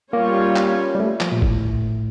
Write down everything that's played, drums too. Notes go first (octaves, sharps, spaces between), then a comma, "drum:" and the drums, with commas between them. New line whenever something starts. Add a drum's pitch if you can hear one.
G3 A#3 C#4 F4 C#5
drum: clap
G3
A3
F3, drum: clap
A#2
A2, drum: kick G1